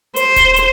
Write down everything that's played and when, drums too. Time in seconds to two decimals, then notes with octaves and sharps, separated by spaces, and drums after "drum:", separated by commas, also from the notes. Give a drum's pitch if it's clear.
0.16 C5, drum: hi-hat
0.36 drum: kick D#1, hi-hat
0.56 drum: hi-hat